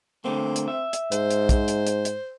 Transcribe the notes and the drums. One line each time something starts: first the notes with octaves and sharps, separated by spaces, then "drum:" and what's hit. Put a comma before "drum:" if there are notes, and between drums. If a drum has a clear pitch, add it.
D3 A3 A#3 C4
drum: hi-hat
E5
drum: hi-hat
G#2 C5, drum: hi-hat
drum: hi-hat
drum: kick, hi-hat
drum: hi-hat
drum: hi-hat
drum: hi-hat